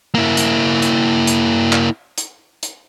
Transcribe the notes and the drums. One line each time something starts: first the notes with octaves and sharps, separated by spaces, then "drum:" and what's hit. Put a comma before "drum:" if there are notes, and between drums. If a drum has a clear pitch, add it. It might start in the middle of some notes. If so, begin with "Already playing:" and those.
A#3 E4
drum: hi-hat
drum: hi-hat
drum: hi-hat
drum: clap
drum: hi-hat
drum: hi-hat